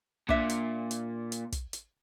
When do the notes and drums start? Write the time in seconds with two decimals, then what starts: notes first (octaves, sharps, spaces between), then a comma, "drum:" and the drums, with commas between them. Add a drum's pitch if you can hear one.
0.29 A#2 D4 E5, drum: kick
0.49 drum: hi-hat
0.91 drum: hi-hat
1.32 drum: hi-hat
1.52 drum: kick, hi-hat
1.73 drum: hi-hat